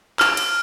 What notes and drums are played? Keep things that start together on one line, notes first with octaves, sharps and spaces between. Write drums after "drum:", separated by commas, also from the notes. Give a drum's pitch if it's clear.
F6, drum: clap
drum: cymbal